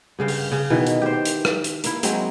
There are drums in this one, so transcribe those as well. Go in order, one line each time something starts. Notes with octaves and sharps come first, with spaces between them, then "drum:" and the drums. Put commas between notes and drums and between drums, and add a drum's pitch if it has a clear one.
G2 C#3 F5 G5
drum: open hi-hat
C#3
B2 D#3 E3
drum: hi-hat
G4 C5
drum: hi-hat
drum: rim click
drum: hi-hat
A#3 E4, drum: hi-hat
F#3 G#3 C4, drum: hi-hat